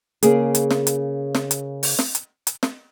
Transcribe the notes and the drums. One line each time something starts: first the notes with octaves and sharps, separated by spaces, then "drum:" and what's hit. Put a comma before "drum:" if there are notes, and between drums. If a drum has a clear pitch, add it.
C#3 A#3 G#4, drum: hi-hat
drum: hi-hat
drum: snare
drum: hi-hat
drum: snare
drum: hi-hat
drum: open hi-hat
drum: snare
drum: hi-hat
drum: hi-hat
drum: snare